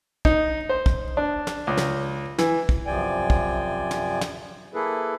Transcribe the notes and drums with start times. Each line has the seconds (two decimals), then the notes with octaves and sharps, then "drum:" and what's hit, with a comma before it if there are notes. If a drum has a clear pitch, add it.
0.25 D#4, drum: kick
0.69 C5
0.86 drum: kick
1.17 D4
1.47 drum: snare
1.67 C#2
1.77 drum: snare
2.38 E3, drum: snare
2.69 drum: kick
2.86 F#2 C3 F3 D5 G5 G#5
3.30 drum: kick
3.91 drum: snare
4.21 drum: snare
4.74 A#3 E4 G#4 A4 B4